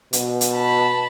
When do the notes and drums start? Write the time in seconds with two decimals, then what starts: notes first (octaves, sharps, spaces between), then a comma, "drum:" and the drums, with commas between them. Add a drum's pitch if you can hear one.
0.13 B2, drum: hi-hat
0.41 drum: hi-hat
0.53 A5 B5